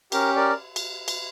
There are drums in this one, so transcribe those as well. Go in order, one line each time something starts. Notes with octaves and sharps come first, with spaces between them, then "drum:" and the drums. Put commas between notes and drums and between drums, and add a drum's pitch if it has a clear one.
C#4 G4 A#4, drum: cymbal
A#4 D5
drum: cymbal
drum: cymbal